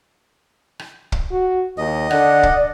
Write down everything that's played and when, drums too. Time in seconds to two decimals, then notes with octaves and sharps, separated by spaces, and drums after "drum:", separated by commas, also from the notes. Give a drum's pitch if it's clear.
0.79 drum: rim click
1.12 drum: kick
1.31 F#4
1.78 D#2 D#5
2.11 D3 D5 F#5, drum: rim click
2.43 drum: kick